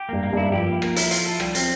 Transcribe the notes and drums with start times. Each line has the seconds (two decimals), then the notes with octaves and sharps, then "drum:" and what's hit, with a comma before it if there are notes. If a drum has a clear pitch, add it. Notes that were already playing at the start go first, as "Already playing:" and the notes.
Already playing: G4
0.09 G2 G3 A#3
0.23 A#3
0.33 G2 G3 E4
0.52 F3 G4
0.66 A#3
0.82 A#3, drum: rim click
0.96 E4, drum: hi-hat
1.11 F4, drum: hi-hat
1.25 A4
1.40 G3, drum: rim click
1.55 C4, drum: hi-hat